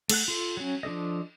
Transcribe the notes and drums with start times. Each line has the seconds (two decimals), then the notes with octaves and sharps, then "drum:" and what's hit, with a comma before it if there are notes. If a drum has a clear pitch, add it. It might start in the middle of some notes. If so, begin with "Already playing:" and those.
0.09 A3 A4 F#5 F#6, drum: cymbal
0.28 F4 A4
0.57 F#3 C#4
0.83 F3 D4 A4 D#5